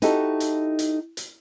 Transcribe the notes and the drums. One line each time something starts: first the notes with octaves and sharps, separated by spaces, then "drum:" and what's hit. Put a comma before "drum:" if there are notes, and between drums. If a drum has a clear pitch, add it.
D#4 E4 F#4 G4 A4, drum: hi-hat
drum: hi-hat
drum: hi-hat
drum: hi-hat